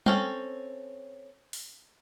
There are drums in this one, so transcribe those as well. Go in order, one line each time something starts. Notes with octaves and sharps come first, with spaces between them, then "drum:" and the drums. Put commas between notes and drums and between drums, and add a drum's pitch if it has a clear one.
C4 C#4 A4, drum: tom
drum: open hi-hat